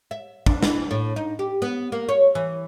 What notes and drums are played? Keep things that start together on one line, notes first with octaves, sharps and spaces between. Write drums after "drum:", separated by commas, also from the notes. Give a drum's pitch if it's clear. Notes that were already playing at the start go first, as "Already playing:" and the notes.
E5
D4, drum: kick
E3, drum: snare
A2
D#4
G4
B3
A#3
C#5
E3